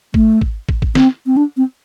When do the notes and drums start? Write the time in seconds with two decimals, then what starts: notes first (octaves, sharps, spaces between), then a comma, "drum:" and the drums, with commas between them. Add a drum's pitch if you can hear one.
0.14 A3, drum: kick
0.41 drum: kick
0.69 drum: kick
0.82 drum: kick
0.95 C4, drum: snare
1.26 C4
1.37 D4
1.57 C4